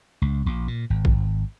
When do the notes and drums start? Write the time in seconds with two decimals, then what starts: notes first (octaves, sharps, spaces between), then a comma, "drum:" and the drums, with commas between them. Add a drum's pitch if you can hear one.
0.22 C#2
0.46 A#1
0.68 A#2
0.90 G#1
1.05 drum: kick A1